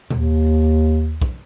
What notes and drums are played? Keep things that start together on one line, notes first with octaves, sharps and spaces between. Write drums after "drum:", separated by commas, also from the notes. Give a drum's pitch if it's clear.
D#2, drum: tom A#2
drum: kick B1